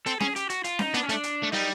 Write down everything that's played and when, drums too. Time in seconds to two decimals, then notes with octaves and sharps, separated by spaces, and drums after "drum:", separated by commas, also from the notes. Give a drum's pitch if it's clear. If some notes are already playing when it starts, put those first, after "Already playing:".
0.06 C4 A4, drum: hi-hat
0.20 C#4 G#4, drum: snare C#4
0.36 G4, drum: hi-hat
0.50 F#4, drum: hi-hat
0.64 F4, drum: hi-hat
0.79 D#4, drum: snare C#4
0.94 B3 D4, drum: hi-hat
1.03 C#4
1.09 A3, drum: hi-hat
1.13 D4
1.23 drum: hi-hat
1.43 A3
1.52 G3 D#4, drum: open hi-hat